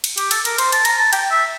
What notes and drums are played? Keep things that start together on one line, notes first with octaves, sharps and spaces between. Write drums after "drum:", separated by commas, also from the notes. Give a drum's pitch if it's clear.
drum: cymbal
G4, drum: cymbal
A4, drum: cymbal
A#4, drum: cymbal
C5, drum: cymbal
A5, drum: cymbal
A#5, drum: cymbal
A5
G5, drum: cymbal
E5